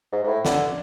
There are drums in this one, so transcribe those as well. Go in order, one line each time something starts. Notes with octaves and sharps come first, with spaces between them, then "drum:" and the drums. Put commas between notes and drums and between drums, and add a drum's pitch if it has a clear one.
G#2
G#2
A2
D3, drum: snare